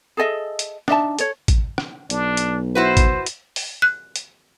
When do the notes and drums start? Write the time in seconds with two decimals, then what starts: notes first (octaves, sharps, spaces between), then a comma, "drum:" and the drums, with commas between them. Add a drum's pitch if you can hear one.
0.17 G#4 A4 D#5 E5
0.59 drum: hi-hat
0.88 D4 D#4 E5 A5, drum: rim click
1.19 A4 C#5, drum: hi-hat
1.48 drum: kick, hi-hat
1.78 drum: rim click
2.10 B1 D4, drum: hi-hat
2.37 drum: hi-hat
2.75 E4 F#4 B4 C5
2.97 drum: kick, hi-hat
3.26 drum: hi-hat
3.56 drum: open hi-hat
3.82 F#6
4.16 drum: hi-hat